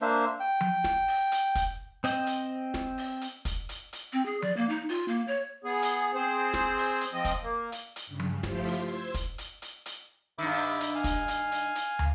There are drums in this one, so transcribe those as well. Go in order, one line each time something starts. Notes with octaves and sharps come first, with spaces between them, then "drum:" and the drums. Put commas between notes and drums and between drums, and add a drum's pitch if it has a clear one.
A#3 D4 C5 E5
G5
drum: tom F3
drum: snare
drum: open hi-hat
drum: hi-hat
drum: kick, hi-hat
C4 D#5 G5, drum: hi-hat
drum: hi-hat
drum: snare
drum: open hi-hat
drum: hi-hat
drum: kick, hi-hat
drum: hi-hat
drum: hi-hat
C4
G#4
D5, drum: tom F3
A#3
D#4
F4, drum: open hi-hat
A#3
C#5
B3 G#4
drum: hi-hat
C4 G#4 C5
drum: snare
drum: open hi-hat
drum: hi-hat
F3 C4 D#5
drum: kick, hi-hat
A#3
drum: hi-hat
drum: hi-hat
G2 C#3
drum: tom F3
F3 A3 E4 F4 G4 C5, drum: snare
drum: open hi-hat
C5 C6 E6 G#6
drum: kick, hi-hat
drum: hi-hat
drum: hi-hat
drum: hi-hat
G2 D#3 E5 B5 D6
drum: open hi-hat
drum: hi-hat
F5 G#5
drum: kick, hi-hat
drum: hi-hat
drum: hi-hat
drum: hi-hat
drum: tom